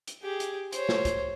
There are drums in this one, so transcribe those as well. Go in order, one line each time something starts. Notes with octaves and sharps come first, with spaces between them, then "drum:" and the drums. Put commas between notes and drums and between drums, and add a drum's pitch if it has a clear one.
drum: hi-hat
G4 G#4
drum: hi-hat
C5 C#5, drum: hi-hat
drum: snare
drum: kick, hi-hat